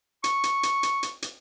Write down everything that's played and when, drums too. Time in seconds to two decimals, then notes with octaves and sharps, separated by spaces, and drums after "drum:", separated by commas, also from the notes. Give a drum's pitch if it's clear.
0.24 C#6, drum: hi-hat
0.44 drum: hi-hat
0.63 drum: hi-hat
0.83 drum: hi-hat
1.03 drum: hi-hat
1.22 drum: hi-hat